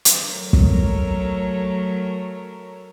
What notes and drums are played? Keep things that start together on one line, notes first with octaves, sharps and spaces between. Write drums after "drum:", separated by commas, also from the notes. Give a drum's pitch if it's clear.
drum: hi-hat
F#3 A3 A4 A#4 C#5
drum: kick